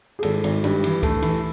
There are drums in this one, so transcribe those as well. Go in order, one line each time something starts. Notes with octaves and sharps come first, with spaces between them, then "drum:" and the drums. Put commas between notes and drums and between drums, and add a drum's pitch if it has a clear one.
G#4
G#1 A4, drum: cymbal
G#1, drum: cymbal
G2, drum: cymbal
E3, drum: cymbal
A3, drum: kick C#2, cymbal
E3, drum: cymbal